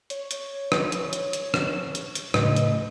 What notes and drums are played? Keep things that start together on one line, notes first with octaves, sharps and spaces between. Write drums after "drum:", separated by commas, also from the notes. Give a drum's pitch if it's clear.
C#5, drum: hi-hat
drum: hi-hat
drum: rim click
drum: hi-hat
drum: hi-hat
drum: hi-hat
drum: rim click
drum: hi-hat
drum: hi-hat
A2 C#3 D#5, drum: rim click
drum: hi-hat